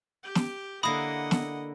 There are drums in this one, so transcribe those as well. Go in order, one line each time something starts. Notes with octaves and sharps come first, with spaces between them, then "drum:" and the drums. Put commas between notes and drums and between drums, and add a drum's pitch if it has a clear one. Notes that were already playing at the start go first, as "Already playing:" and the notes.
G4 G5
drum: snare
D3 A#3 E4 D#5 F#5 B5 D#6
drum: snare